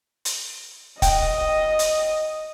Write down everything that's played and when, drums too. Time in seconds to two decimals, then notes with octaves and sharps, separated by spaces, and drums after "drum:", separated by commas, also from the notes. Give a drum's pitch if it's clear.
0.25 drum: hi-hat
1.02 D#5 G5, drum: kick, hi-hat
1.79 drum: hi-hat